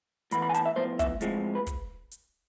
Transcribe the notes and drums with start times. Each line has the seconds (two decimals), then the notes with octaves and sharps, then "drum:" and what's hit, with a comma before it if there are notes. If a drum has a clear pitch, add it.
0.31 A2 E3 B3 B5, drum: hi-hat
0.42 B5
0.49 G#5
0.55 A5, drum: hi-hat
0.66 E5
0.76 A2 F3 B3 C5
0.99 E5, drum: kick, hi-hat
1.21 A2 F3 G#3 C4, drum: hi-hat
1.55 B4
1.67 drum: kick, hi-hat
2.12 drum: hi-hat